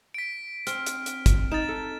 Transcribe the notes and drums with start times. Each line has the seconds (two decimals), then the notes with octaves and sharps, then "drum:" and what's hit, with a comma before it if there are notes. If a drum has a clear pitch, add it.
0.14 B6 D7
0.67 C4 F6, drum: hi-hat
0.86 drum: hi-hat
1.06 drum: hi-hat
1.26 drum: kick, hi-hat
1.52 D#4 A6 E7
1.69 A4